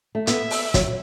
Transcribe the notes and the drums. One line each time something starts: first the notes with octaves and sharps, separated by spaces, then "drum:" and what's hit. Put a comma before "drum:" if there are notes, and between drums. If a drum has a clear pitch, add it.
A3
B3 E5, drum: hi-hat
drum: open hi-hat
F#3, drum: kick, hi-hat